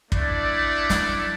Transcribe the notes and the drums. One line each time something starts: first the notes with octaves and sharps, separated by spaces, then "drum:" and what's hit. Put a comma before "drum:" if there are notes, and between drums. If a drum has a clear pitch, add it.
A3 D4 E4 D5, drum: kick
drum: snare